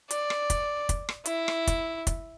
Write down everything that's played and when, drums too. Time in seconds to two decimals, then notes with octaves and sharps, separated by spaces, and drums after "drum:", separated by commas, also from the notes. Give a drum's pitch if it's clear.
0.11 D5, drum: hi-hat
0.30 drum: rim click
0.50 drum: kick, hi-hat
0.89 drum: kick, hi-hat
1.09 drum: rim click
1.26 E4, drum: hi-hat
1.48 drum: rim click
1.67 drum: kick, hi-hat
2.07 drum: kick, hi-hat